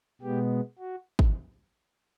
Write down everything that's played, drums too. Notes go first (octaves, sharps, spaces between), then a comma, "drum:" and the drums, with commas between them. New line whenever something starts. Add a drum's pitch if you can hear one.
B2 G#3 B3 G4
F#4
drum: kick